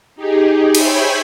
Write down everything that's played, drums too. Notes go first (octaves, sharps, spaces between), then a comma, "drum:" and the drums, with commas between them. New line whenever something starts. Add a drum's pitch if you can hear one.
D#4 G4 G#4
C5 C#5 E5 G5 G#5 B5, drum: cymbal